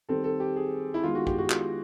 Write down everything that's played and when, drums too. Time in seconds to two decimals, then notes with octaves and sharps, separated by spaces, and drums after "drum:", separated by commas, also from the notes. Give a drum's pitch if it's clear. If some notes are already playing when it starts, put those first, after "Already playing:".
0.09 D#3 G3 C4 A4
0.24 A4
0.40 G4
0.56 G#4
0.94 E4
1.03 D#3 G#3 B3 F4
1.15 F#4
1.27 G4, drum: kick
1.38 F#4
1.50 F4, drum: clap